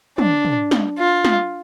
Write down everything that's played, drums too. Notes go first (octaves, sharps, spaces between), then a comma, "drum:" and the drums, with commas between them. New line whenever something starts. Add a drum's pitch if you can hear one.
D4, drum: tom
drum: tom
drum: snare
F4
drum: snare